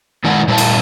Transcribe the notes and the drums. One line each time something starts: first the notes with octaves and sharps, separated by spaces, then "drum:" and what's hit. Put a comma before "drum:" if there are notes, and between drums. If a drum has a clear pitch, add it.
D#3 G#3 E4 D5 F#5 G#5
A#2 G3 E4 B4 F5 A5
drum: cymbal